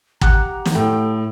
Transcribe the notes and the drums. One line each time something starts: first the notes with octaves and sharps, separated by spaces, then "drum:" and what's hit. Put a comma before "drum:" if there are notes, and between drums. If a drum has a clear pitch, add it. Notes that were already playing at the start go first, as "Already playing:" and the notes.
G4 F#5 A#5, drum: kick
drum: snare
A2 A3 G5